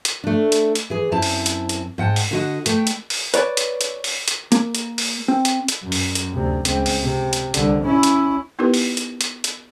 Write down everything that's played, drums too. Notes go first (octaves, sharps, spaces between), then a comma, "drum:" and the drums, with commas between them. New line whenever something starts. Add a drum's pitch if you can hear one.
drum: hi-hat
A3 D4
drum: hi-hat
drum: hi-hat
E3 G#4
F#2 C4 E4 A5
drum: open hi-hat
drum: hi-hat
drum: hi-hat
G#2 F#5 G5 A5
drum: open hi-hat
D3 F#4 D#5
A3 G5, drum: hi-hat
drum: hi-hat
drum: open hi-hat
B4 C#5 D5, drum: hi-hat
drum: hi-hat
drum: hi-hat
drum: open hi-hat
drum: hi-hat
A#3, drum: hi-hat
drum: hi-hat
drum: open hi-hat
C4
drum: hi-hat
drum: hi-hat
F#2
drum: open hi-hat
drum: hi-hat
D2 C3
C#2 C4, drum: hi-hat
drum: open hi-hat
C3
drum: hi-hat
C2 D3, drum: hi-hat
C#4 E4
drum: hi-hat
B3 D#4 E4 G4 A#4 B4
drum: open hi-hat
drum: hi-hat
drum: hi-hat
drum: hi-hat